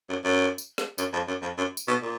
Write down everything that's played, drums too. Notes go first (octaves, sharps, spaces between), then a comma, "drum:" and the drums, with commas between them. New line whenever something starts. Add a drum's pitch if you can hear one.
F#2
F#2
drum: tambourine
drum: snare
F#2, drum: tambourine
F2
F#2
F2
F#2
drum: tambourine
B2
A#2